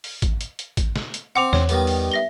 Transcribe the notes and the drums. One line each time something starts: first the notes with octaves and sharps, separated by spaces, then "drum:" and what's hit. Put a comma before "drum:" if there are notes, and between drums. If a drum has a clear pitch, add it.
drum: open hi-hat
drum: kick, hi-hat
drum: hi-hat
drum: hi-hat
drum: kick, hi-hat
drum: snare
drum: hi-hat
C4 F#5 D6 F7
E2 C#5, drum: snare
D#3 G3 B3, drum: hi-hat
drum: open hi-hat
E5 A#6 G7